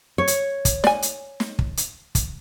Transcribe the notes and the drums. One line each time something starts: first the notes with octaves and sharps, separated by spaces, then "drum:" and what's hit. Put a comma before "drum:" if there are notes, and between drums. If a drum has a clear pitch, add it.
C#5
drum: hi-hat
drum: kick, hi-hat
D5 G#5, drum: snare
drum: hi-hat
drum: snare
drum: kick
drum: hi-hat
drum: kick, hi-hat